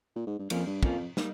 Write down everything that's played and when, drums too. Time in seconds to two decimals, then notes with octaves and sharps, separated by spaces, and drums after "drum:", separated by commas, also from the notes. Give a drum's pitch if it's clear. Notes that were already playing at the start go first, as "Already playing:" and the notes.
0.16 A#2
0.27 G#2
0.39 G2
0.50 F2 F3 A#3 C#4, drum: cymbal
0.66 G2
0.83 F2 F3 A#3 C#4, drum: kick
1.17 G3 A#3 D#4, drum: snare